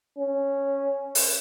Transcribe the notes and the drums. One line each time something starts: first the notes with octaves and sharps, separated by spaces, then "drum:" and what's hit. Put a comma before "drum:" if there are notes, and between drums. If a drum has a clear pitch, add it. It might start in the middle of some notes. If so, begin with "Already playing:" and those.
C#4
drum: open hi-hat